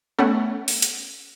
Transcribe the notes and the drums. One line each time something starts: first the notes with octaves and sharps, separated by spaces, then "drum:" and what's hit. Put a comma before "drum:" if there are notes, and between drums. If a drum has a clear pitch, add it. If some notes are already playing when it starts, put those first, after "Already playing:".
A3 B3 C#4 F#5
drum: open hi-hat
drum: hi-hat